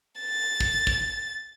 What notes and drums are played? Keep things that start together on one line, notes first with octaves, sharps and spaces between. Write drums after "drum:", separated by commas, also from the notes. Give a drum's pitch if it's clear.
A6
drum: kick
drum: kick